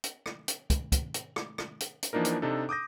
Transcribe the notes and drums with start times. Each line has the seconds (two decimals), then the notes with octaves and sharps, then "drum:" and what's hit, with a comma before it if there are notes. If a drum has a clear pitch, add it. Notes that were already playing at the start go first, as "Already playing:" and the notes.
0.04 drum: hi-hat
0.26 drum: rim click
0.48 drum: hi-hat
0.70 drum: kick, hi-hat
0.92 drum: kick, hi-hat
1.14 drum: hi-hat
1.36 drum: rim click
1.58 drum: rim click
1.80 drum: hi-hat
2.03 drum: hi-hat
2.13 E3 F3 A#3 D4 D#4 A#4
2.25 drum: hi-hat
2.42 C3 D4 D#4 A4
2.69 D6 D#6 G6 A#6